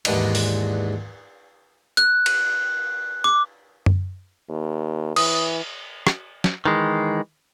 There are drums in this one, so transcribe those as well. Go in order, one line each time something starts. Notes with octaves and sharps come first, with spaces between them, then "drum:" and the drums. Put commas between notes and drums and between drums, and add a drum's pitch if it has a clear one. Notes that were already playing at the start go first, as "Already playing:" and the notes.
D#2 G#2 E3 B3 D4 D#5, drum: cymbal
drum: open hi-hat
F#6, drum: hi-hat
drum: cymbal
D6
drum: tom F#2
D#2
E3 D#6, drum: cymbal
drum: rim click
drum: snare
D#3 E3 G#3